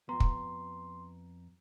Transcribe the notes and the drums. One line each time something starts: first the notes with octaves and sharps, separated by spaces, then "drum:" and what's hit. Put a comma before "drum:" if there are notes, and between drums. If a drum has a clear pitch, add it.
F2 B3 A#5 C6
drum: kick